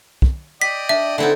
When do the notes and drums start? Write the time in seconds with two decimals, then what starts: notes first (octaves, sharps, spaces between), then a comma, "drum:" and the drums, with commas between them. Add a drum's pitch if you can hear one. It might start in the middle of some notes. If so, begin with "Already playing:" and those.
0.22 drum: kick
0.61 D5 D#5 G5 B6
0.89 D4 E5
1.18 D3 A3 C4 D#4 E4 F#5